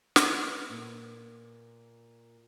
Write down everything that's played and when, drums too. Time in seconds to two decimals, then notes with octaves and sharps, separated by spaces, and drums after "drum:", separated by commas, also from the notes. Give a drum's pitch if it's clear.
0.16 B3, drum: snare
0.70 A#2